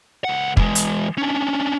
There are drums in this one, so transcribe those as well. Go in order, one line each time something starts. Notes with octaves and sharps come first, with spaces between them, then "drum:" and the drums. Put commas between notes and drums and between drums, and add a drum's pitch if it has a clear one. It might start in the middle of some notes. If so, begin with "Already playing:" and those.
C#2 F#5
E3 G#3, drum: kick
drum: hi-hat
C#4 D4